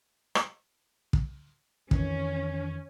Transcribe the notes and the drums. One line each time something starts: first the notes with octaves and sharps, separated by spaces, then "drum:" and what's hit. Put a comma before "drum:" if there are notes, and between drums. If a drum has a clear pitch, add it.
drum: rim click
drum: kick
F2 D#3 E3 C#4, drum: kick